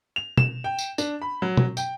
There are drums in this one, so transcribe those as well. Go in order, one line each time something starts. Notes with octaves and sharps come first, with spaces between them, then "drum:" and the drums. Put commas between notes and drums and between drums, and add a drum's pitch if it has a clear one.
F7
E7, drum: tom
G5
drum: tambourine
D4, drum: tambourine
B5
F#3
drum: tom
G5, drum: tambourine